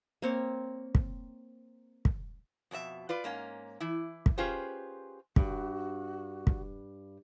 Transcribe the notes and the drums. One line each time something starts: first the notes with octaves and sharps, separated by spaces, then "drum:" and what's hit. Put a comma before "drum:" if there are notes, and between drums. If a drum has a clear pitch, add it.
A#3 C4 C#5
drum: kick
drum: kick
F2 B2 D4 E5
F4 B4 D5
G#2 A#3 C#4
E3 E4
drum: kick
C#4 F4 G4 G#4 B4 C5
G2 F#4, drum: kick
drum: kick